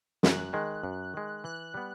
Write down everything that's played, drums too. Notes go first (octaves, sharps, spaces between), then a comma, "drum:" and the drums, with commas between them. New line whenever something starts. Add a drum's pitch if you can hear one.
F#2 F#6, drum: snare
D#3 G#3
F#2
D#3 G#3
E3 F#6
G3 B3